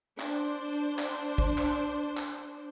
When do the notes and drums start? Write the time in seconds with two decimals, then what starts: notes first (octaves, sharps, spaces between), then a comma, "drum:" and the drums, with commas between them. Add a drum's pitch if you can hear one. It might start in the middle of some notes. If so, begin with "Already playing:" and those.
0.20 D4 C5, drum: clap
0.99 drum: clap
1.38 drum: kick
1.58 drum: clap
2.17 drum: clap